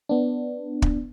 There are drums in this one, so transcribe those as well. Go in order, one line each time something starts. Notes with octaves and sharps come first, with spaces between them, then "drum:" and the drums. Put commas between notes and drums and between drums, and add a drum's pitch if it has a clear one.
B3 D4
drum: kick